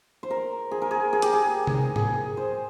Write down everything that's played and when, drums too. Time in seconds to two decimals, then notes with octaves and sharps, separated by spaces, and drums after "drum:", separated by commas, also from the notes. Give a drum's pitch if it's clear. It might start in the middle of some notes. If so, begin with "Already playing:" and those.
0.23 C5
0.30 A#4
0.71 G#4
0.82 A#4
0.91 G#4
1.13 G#4
1.22 G4, drum: hi-hat
1.33 G#4
1.67 drum: tom C3
1.96 G#4, drum: tom G#2
2.37 C5